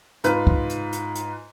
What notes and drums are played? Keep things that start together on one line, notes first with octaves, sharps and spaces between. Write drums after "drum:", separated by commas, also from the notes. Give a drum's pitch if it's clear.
G#2 F4 B4, drum: hi-hat
drum: kick
drum: hi-hat
drum: hi-hat
drum: hi-hat